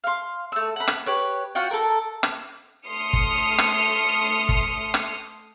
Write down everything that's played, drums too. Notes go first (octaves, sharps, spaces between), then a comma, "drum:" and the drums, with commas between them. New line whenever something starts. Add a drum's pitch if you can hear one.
F5 C6
A3 E6
F#5 B5
drum: rim click
G4 B4 C#5
F4 F#4 F#5 G5
A4 A#4
drum: rim click
A3 C6 D#6 F6 C7 C#7
drum: kick
drum: rim click
drum: kick
drum: rim click